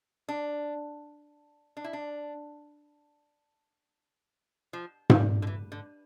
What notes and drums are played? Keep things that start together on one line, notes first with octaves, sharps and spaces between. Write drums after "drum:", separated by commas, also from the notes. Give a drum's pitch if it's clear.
D4
D4
E4
D4
F3
G3, drum: tom G#2
D3
E3
D3